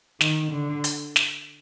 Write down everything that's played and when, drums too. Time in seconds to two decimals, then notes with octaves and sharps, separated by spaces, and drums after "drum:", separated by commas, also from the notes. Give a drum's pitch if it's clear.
0.21 D#3, drum: snare
0.52 D3
0.84 drum: hi-hat
1.16 drum: snare